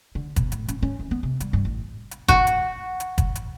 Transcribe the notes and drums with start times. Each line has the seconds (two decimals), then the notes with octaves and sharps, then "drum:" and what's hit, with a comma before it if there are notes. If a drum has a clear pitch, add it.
0.15 D3
0.36 B2, drum: kick, hi-hat
0.52 A2, drum: hi-hat
0.68 C#4, drum: hi-hat
0.82 C#4
0.99 E3
1.11 B3
1.23 C3
1.40 G3, drum: hi-hat
1.53 G2
1.65 A1
2.11 drum: hi-hat
2.28 F#4, drum: kick, hi-hat
2.47 drum: hi-hat
3.00 drum: hi-hat
3.18 drum: kick, hi-hat
3.35 drum: hi-hat